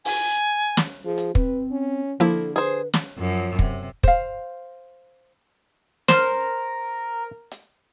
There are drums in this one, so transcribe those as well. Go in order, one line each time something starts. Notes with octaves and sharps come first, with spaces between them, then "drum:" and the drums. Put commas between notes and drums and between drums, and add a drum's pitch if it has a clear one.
G#5, drum: open hi-hat
drum: snare
F3 G#4
drum: hi-hat
C4 B4, drum: kick
C#4
D3 F3 A#3 E4 A4
G#4 B4 C5
drum: snare
F#2 F3 F#3
C3, drum: kick
C5 F5, drum: kick
A#4 C5, drum: snare
drum: hi-hat